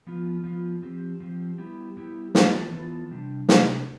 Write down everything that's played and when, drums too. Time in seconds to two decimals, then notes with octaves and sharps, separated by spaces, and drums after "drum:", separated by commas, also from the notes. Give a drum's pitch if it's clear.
0.07 F3 B3 F4
0.44 F3 B3 F4
0.82 F3 C4 G4
1.20 F3 C4 G4
1.58 G3 B3 E4 G4
1.97 G3 B3 E4 G4
2.35 E3 B3 F4 A4, drum: snare
2.72 E3 B3 F4 A4
3.11 C3 G3 D4
3.49 C3 G3 D4, drum: snare